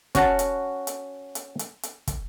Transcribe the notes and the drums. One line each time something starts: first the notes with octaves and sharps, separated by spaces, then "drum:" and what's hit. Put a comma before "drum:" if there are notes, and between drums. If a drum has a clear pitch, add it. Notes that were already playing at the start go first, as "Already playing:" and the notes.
C#4 F#4 F#5 A5, drum: kick, hi-hat
drum: hi-hat
drum: hi-hat
drum: hi-hat
drum: hi-hat
drum: hi-hat
drum: kick, hi-hat